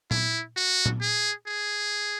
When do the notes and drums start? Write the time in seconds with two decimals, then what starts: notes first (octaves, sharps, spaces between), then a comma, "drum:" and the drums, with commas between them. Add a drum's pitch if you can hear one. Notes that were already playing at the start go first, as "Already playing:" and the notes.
0.11 E4, drum: tom A#2
0.56 F#4
0.86 drum: tom A#2
1.01 G#4
1.47 G#4